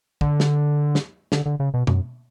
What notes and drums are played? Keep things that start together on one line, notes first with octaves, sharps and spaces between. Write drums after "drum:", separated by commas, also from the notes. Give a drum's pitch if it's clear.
D3, drum: kick
drum: snare
drum: snare
D3, drum: snare
D3
C#3
B2
F#2, drum: tom B2